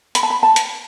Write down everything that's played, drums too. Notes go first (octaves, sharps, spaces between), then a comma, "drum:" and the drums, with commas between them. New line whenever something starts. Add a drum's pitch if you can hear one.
B5, drum: hi-hat
A5
B5
A5
drum: hi-hat